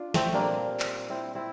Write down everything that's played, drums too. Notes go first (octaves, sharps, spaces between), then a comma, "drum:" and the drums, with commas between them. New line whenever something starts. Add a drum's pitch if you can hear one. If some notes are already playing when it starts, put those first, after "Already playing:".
Already playing: D4 F4
A3 C4, drum: snare
A#2 G3 A#3 D4
drum: clap
C4 E4
C4 E4